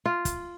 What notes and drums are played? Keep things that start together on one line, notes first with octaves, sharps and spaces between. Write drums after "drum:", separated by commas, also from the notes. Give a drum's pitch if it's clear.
F4
drum: kick, hi-hat